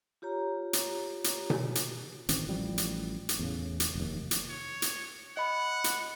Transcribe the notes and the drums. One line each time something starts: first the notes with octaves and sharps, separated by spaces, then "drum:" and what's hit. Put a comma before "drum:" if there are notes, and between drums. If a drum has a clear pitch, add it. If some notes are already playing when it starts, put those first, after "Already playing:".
F4 G4 C#5 A#5
drum: hi-hat
drum: hi-hat
drum: tom B2
drum: hi-hat
A1 D#3 C4, drum: hi-hat
A1 F3 G3
drum: hi-hat
drum: hi-hat
E2 A2 C#3
drum: hi-hat
F1 D#2
drum: hi-hat
C#5
drum: hi-hat
D#5 F#5 B5
drum: hi-hat